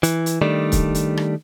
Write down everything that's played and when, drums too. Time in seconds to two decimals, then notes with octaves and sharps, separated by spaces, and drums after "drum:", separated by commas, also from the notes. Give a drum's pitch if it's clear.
0.03 E3, drum: hi-hat
0.26 drum: hi-hat
0.42 D#3 G3 A3 D4
0.72 drum: kick, hi-hat
0.95 drum: hi-hat
1.17 drum: rim click